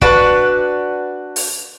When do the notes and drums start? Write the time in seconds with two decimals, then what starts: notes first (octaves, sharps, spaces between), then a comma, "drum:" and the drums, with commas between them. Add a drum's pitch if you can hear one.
0.02 D4 F#4 B4, drum: kick
1.36 drum: open hi-hat